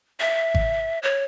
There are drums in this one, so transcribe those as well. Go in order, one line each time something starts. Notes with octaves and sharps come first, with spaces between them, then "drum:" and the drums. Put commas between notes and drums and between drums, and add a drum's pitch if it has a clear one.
E5
drum: kick G#1
C#5